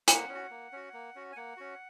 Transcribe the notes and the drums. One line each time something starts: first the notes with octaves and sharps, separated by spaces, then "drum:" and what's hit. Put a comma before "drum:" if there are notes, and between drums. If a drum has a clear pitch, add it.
A#3 F#5, drum: hi-hat
C#4
F#4
A#3
C#4 F#4
A#3
C#4 F#4
G#5
A#3 F#5
C#4 F#4